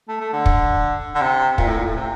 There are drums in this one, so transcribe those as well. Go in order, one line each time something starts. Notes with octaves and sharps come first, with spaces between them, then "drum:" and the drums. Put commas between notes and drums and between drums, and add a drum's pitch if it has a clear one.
A3
A3
D3
drum: kick
D3
C3
A#2, drum: kick
A2
A#2
A2
C3